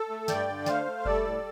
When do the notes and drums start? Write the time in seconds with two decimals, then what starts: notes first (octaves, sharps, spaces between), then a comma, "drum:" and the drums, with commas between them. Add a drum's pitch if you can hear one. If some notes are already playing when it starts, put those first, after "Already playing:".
Already playing: A4
0.09 A3
0.28 G2 D5 G5, drum: snare
0.48 D3
0.66 A3 C5 F5, drum: snare
0.86 A3
1.05 G3 A4 D5, drum: kick F1
1.24 A2